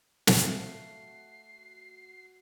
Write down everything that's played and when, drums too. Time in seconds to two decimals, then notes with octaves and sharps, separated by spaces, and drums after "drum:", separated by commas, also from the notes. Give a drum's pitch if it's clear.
0.27 A3 F#4 F5 C7, drum: snare